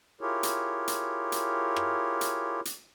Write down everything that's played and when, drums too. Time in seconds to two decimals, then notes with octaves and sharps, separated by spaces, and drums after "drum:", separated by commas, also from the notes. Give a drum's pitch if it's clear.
0.21 E4 F4 G4 G#4 A#4 C#5
0.43 drum: hi-hat
0.88 drum: hi-hat
1.32 drum: hi-hat
1.76 drum: rim click
2.21 drum: hi-hat
2.65 drum: hi-hat